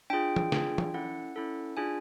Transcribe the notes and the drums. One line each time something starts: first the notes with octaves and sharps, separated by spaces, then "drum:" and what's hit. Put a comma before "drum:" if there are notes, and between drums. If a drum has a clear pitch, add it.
D4 F4 G#4 G5
drum: tom
D4 F4 G#4, drum: snare
drum: tom
C#4 E4 A4 F#5
C#4 E4 A4
D4 F4 G#4 G#5